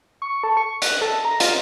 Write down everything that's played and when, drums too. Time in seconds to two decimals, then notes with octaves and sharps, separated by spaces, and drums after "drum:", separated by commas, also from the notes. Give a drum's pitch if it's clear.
0.22 C#6
0.43 A4
0.57 C#6
0.82 F#6, drum: hi-hat
1.02 A4
1.25 A#5
1.40 F4, drum: hi-hat